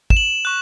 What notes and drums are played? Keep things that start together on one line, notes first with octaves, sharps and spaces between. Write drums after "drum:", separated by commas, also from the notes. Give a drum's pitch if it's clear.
E7, drum: kick
F#7
C#6 F#6